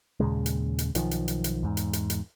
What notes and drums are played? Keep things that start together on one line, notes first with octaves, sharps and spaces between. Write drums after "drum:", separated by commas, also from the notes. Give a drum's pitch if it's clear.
D#2 A#2 C#3 G#3
drum: hi-hat
drum: hi-hat
B1 D#3 F3, drum: hi-hat
drum: hi-hat
drum: hi-hat
drum: hi-hat
E2 G#2
drum: hi-hat
drum: hi-hat
drum: hi-hat